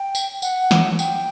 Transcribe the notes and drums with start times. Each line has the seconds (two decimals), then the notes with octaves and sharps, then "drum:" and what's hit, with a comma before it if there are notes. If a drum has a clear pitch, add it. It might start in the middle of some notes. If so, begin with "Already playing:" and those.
Already playing: G5
0.15 drum: tambourine
0.42 F#5, drum: tambourine
0.71 drum: snare
0.99 G5, drum: tambourine